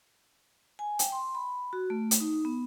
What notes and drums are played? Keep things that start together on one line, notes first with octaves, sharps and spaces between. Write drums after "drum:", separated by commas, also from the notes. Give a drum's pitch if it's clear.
G#5
G5, drum: hi-hat
C6
B5
F#4
A3
drum: hi-hat
D#4
B3